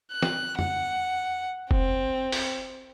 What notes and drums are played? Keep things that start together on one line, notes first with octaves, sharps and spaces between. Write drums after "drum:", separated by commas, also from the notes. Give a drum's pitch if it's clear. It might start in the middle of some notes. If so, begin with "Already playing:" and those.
F#6
drum: snare
F#5, drum: tom F2
C4, drum: kick F1
drum: open hi-hat